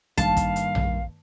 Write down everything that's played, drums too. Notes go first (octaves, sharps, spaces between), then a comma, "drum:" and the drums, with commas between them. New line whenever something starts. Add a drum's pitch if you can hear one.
G2 D#3 A#3 F5 A5, drum: kick, hi-hat
drum: kick, hi-hat
drum: hi-hat
drum: tom A#1